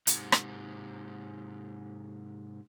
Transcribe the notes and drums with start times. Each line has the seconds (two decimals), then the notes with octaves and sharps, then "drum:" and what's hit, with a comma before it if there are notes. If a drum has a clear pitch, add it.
0.07 G#2 C3, drum: hi-hat
0.32 drum: rim click